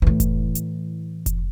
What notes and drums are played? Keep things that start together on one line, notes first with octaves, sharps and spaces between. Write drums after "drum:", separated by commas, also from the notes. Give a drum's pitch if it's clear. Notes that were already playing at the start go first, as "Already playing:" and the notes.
A2 E3
drum: kick F1, hi-hat
drum: hi-hat
drum: kick F1, hi-hat